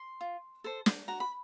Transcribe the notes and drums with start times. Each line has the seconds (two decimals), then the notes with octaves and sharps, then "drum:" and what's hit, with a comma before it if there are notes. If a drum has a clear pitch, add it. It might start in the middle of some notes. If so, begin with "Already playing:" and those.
Already playing: C6
0.21 F4
0.64 A4 C5
0.86 drum: snare
1.08 F#4 A#5
1.20 B5